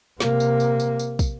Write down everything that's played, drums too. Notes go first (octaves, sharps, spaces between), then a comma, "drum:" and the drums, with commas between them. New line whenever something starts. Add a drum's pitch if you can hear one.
C3 A#3, drum: snare
drum: tambourine
drum: tambourine
drum: tambourine
drum: tambourine
drum: kick, tambourine